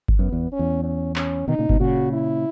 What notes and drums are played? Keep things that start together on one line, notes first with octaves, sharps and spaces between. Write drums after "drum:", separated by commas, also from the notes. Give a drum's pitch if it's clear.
drum: kick G1
F#2 B3
E2
C#4
E2
C#4
C#4, drum: clap
B2 D#3 D#4
A#2 C#3
G#2 B2, drum: kick G1
A#2 C#3 F#4
E4